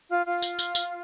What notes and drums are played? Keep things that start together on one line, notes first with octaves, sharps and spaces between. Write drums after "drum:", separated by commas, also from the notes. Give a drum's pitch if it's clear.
F4
F4
drum: tambourine
drum: tambourine
drum: tambourine